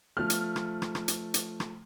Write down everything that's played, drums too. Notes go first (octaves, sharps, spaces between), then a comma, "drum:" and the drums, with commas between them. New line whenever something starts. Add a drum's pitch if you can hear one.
F3 A3 F6
drum: hi-hat
drum: rim click
drum: rim click
drum: rim click
drum: hi-hat
drum: hi-hat
drum: rim click